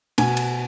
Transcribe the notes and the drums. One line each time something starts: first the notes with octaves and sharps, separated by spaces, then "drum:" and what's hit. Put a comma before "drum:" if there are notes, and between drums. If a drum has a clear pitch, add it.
B2 G#5, drum: cymbal
drum: cymbal